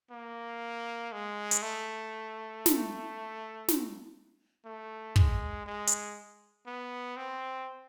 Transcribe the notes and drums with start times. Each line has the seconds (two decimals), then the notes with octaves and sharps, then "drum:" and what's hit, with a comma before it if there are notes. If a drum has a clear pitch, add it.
0.11 A#3
1.12 G#3
1.51 drum: hi-hat
1.62 A3
2.66 drum: snare
3.68 drum: snare
4.65 A3
5.16 G#3, drum: kick
5.66 G#3
5.87 drum: hi-hat
6.66 B3
7.17 C4